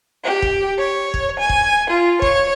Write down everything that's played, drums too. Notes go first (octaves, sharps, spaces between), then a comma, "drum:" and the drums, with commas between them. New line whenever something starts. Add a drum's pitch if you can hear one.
G4
drum: kick
C#5
drum: kick
G#5
drum: kick
F4
C#5, drum: kick